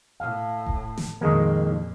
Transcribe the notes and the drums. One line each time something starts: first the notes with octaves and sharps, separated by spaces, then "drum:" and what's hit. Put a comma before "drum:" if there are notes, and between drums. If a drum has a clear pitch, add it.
A2 F5
drum: kick D#1
drum: snare
F2 A#2 D#3 G#3 A#3